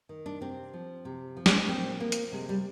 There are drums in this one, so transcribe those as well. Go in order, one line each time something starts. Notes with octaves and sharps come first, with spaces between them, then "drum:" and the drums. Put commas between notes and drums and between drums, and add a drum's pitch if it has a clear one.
D#3
D4
C3 C4
F3
C3
F3
drum: snare
A#2 C4
F3 A#3
drum: hi-hat
C3 G#3
G3